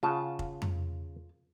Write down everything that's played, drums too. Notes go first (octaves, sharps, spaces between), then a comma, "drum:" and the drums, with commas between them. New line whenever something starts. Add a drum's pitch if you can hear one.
C#3 F4 F#5 A5
drum: kick F1
drum: tom F2